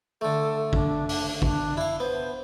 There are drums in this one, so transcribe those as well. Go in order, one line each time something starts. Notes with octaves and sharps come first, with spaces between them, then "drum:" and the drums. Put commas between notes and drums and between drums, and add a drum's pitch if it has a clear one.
D3 A3 A4
D4, drum: kick
drum: open hi-hat
D4, drum: kick
E4 F5
B3 C5